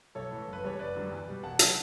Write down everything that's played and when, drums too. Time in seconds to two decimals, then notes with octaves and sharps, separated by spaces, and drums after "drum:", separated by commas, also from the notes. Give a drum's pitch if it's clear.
0.15 B1 A4 C#5
0.31 A2 E3
0.48 F#1
0.53 B4
0.63 E2 C#3 G3 C#5
0.79 F#1 B4 D5
0.95 F#2 D3 G3
1.11 E2
1.28 B2 G3
1.43 E1 F#5 A5
1.59 C#3 F#3, drum: hi-hat